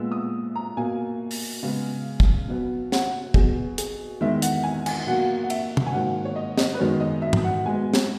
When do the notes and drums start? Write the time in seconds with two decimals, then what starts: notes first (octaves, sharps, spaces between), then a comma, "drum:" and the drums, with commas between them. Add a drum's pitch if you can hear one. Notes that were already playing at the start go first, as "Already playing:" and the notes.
Already playing: A#2 G#3 B3 E6
0.12 D#6
0.55 A#5
0.77 B2 A#3 G#5
1.31 drum: open hi-hat
1.63 C#3 G#3 B3
2.20 drum: kick
2.48 B2 F#3 B3
2.92 F#5, drum: snare
3.34 B2 F#3 B3 G#4, drum: kick
3.78 G#4, drum: hi-hat
4.21 E2 D#3 G#3 E5
4.42 F#5, drum: hi-hat
4.63 G#5
4.86 G#5, drum: cymbal
5.07 B2 F#3 A#3 F#5
5.44 F#5
5.50 E5, drum: cymbal
5.77 drum: tom
5.86 G#5
5.93 G#2 D#3 F#3 A#3 F#5
6.25 C#5
6.36 D#5
6.57 D#5, drum: snare
6.74 B4
6.79 F#2 D#3 G#3 B3 C#5
7.00 D#5
7.22 E5
7.33 drum: tom
7.44 F#5
7.65 B2 G#3 B3 G#5
7.94 drum: snare